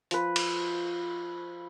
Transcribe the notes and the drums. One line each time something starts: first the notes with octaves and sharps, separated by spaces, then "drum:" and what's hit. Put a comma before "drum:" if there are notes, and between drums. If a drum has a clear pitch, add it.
F3 B4, drum: hi-hat
drum: cymbal